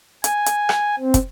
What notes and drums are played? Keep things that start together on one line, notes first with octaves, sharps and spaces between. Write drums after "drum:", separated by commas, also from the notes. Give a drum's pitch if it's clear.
G#5, drum: hi-hat
drum: hi-hat
drum: rim click
C4
drum: kick, hi-hat